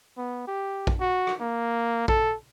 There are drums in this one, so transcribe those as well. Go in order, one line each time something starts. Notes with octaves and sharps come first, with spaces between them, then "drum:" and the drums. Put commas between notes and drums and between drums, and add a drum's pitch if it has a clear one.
B3
G4
drum: kick
F#4
drum: rim click
A#3
A4, drum: kick